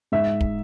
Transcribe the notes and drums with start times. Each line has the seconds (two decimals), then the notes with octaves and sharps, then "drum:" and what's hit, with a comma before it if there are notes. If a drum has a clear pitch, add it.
0.12 G#2 E5
0.41 drum: kick